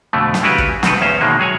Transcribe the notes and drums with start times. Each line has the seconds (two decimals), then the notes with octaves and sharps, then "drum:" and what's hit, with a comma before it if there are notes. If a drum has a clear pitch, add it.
0.13 F2 B2 D3 A3
0.34 drum: snare
0.43 C#3 D4 E4 F#4 G4 B4
0.58 drum: kick
0.83 B2 D#3 C4 A4 B4, drum: snare
1.01 E2 C#4 C5 F5
1.21 B2 D#3 G#3 A#3
1.39 F#3 G#4 C#5 G#5